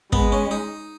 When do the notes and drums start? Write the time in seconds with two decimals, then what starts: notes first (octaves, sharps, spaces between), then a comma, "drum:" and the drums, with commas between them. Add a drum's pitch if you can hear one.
0.12 G#3 B3, drum: kick
0.32 C#4
0.51 D#4